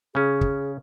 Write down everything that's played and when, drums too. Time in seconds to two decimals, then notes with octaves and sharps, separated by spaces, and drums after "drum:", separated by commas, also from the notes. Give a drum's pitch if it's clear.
0.15 C#3 C#4 G#4
0.41 drum: kick